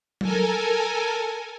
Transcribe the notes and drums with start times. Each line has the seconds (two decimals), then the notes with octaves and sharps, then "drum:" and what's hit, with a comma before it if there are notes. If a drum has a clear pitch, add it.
0.21 A4 A#4 G#5, drum: tom F#3